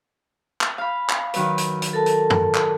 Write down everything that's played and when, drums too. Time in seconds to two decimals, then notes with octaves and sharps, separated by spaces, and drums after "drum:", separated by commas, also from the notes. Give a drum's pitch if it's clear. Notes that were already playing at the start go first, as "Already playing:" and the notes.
0.61 drum: clap
0.78 F5 B5
1.09 drum: clap
1.34 D#3 F#3 B4, drum: hi-hat
1.58 drum: hi-hat
1.82 drum: hi-hat
1.93 A4 A#4 A5
2.06 drum: hi-hat
2.30 drum: tom
2.54 drum: clap